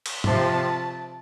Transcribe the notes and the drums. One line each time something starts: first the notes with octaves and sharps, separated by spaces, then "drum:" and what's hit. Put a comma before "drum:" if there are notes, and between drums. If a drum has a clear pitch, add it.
drum: cymbal
C3 F3 C4 A5, drum: tom G#2